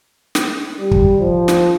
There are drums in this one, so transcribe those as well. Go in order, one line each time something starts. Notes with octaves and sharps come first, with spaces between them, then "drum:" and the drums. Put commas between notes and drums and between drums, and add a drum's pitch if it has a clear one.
drum: snare
G3
drum: kick
F3
drum: snare